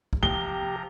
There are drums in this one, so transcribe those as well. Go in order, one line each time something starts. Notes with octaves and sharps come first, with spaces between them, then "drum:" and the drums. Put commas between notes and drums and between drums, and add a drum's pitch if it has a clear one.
drum: kick
C3 F3 B3 G4 A#5 G7